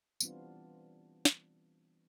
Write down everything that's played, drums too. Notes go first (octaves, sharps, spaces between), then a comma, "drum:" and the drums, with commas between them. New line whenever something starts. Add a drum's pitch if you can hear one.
E3 G3 B3 C4 D4 F4, drum: tambourine
drum: snare